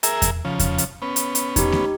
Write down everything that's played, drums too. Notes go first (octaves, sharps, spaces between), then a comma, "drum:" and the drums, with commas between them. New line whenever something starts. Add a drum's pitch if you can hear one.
G#4 A#4 E5, drum: hi-hat
drum: kick E2, hi-hat
C#3 F3
drum: kick E2, hi-hat
drum: hi-hat
B3 C#4
drum: hi-hat
drum: hi-hat
D#4 G4, drum: kick E2, hi-hat
drum: snare A3